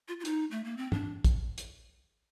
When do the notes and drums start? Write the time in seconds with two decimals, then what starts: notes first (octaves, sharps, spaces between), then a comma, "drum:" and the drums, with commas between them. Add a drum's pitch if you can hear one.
0.08 F4
0.20 F4
0.25 D#4, drum: hi-hat
0.51 A3
0.64 A#3
0.77 C4
0.92 D4, drum: tom
1.25 drum: kick, hi-hat
1.58 drum: hi-hat